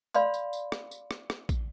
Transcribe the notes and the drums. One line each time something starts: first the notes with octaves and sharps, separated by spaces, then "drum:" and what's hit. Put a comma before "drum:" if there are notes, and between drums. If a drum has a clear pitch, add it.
D5 F5 B5 C6, drum: tambourine
drum: tambourine
drum: tambourine
drum: rim click
drum: tambourine
drum: rim click
drum: rim click
drum: kick, tambourine